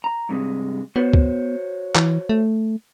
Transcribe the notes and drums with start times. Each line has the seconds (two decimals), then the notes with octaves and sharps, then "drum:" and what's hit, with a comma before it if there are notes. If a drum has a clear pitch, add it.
0.04 A#5
0.29 G2 C3 G#3
0.96 B3 F#4 C5 C#5
1.13 drum: kick
1.95 E3, drum: clap
2.29 A3